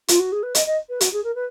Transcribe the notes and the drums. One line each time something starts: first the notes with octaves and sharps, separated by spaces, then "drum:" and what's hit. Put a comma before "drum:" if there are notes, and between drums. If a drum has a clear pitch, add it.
F4, drum: hi-hat
F#4
G#4
B4
D#5, drum: hi-hat
D#5
B4
F#4, drum: hi-hat
G#4
A#4
B4